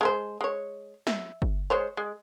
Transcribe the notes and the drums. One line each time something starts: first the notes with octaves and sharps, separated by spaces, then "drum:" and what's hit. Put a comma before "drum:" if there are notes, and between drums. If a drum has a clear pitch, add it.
G#3 A#4 C5
G#3 C#5
E5, drum: snare
drum: kick G1
G#3 C5 C#5
G#3